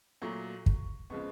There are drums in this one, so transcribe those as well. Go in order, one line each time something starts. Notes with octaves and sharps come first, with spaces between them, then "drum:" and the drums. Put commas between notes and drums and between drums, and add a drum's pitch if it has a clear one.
A#2 F#3 A3 C#6
drum: kick
C#3 F3 G#3 B3 C#6